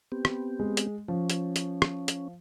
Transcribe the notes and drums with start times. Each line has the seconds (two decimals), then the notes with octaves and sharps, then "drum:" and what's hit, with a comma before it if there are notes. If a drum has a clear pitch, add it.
0.12 B3 C4 G4
0.25 drum: rim click
0.60 G#3
0.77 drum: hi-hat
1.08 F3 C#4
1.30 drum: hi-hat
1.56 drum: hi-hat
1.82 drum: rim click
2.08 drum: hi-hat